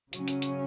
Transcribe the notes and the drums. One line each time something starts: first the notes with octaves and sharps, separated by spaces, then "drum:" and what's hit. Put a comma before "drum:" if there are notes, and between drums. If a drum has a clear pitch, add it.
C#3 F#3 C#4, drum: hi-hat
drum: hi-hat
drum: hi-hat